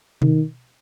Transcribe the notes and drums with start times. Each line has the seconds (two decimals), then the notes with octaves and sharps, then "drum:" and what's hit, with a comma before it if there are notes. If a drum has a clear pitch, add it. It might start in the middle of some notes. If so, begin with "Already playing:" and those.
0.22 D#3, drum: tom B2